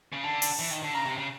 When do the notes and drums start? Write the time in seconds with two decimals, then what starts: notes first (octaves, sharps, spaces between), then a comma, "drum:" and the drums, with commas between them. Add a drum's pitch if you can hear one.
0.13 C#3
0.24 D3 A5
0.42 drum: open hi-hat
0.59 E3
0.71 D#3
0.83 D3
0.94 C#3 A#5
1.06 C3
1.18 C#3